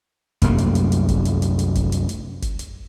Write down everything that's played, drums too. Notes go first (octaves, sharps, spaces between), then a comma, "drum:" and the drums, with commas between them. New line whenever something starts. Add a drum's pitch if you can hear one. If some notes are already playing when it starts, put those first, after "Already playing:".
C2 F#2 A3 A#3, drum: kick, hi-hat
drum: hi-hat
drum: hi-hat
drum: hi-hat
drum: kick, hi-hat
drum: hi-hat
drum: hi-hat
drum: hi-hat
drum: kick, hi-hat
drum: hi-hat
drum: hi-hat
drum: kick, hi-hat
drum: hi-hat